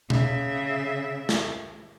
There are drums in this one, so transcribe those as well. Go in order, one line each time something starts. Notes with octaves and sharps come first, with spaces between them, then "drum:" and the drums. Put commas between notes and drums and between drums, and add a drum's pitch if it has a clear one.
C#3 E5, drum: tom B2
drum: snare